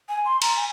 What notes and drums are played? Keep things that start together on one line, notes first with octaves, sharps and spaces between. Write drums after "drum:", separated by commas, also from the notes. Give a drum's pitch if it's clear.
G#5
C6
A#5, drum: cymbal
G#5